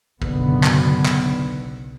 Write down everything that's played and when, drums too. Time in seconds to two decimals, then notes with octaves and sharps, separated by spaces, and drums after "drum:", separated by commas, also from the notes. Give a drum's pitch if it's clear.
0.22 F#1 B1 D3 B3, drum: kick
0.64 drum: clap
1.05 drum: clap